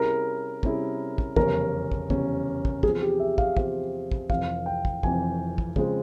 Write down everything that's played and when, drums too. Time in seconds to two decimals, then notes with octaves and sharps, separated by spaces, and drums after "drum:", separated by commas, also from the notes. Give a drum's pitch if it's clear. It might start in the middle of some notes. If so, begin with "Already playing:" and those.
Already playing: C3 G3 C#4 E4 G#4 A#4
0.63 C3 G3 C#4 E4 G#4, drum: kick
1.18 drum: kick
1.36 F1 E2 C#3 G3 C#4 A#4, drum: kick
1.92 drum: kick
2.10 F1 E2 C#3 G3 C#4, drum: kick
2.65 drum: kick
2.83 E2 C3 F3 C4 G#4, drum: kick
3.02 G4
3.20 E5
3.38 F5, drum: kick
3.57 E2 C3 F3 C4 F5, drum: kick
4.11 drum: kick
4.30 F1 F2 E3 F5, drum: kick
4.66 G5
4.85 drum: kick
5.03 F1 F2 E3 G#5, drum: kick
5.58 drum: kick
5.76 C#3 F3 G#3 C4, drum: kick